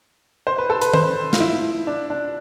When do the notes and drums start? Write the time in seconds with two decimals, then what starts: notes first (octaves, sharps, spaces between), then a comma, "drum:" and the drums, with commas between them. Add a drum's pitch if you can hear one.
0.47 C5
0.58 B4
0.70 A4
0.81 B4, drum: hi-hat
0.93 C5, drum: tom D#3
1.33 F4, drum: snare
1.40 E4
1.87 D4
2.10 D4